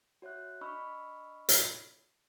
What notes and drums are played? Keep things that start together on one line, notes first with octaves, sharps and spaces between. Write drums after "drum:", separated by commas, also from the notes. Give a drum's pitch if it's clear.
F#4 C#5 E5 F#6
D4 D#5 B5 C#6 E6 F6
drum: hi-hat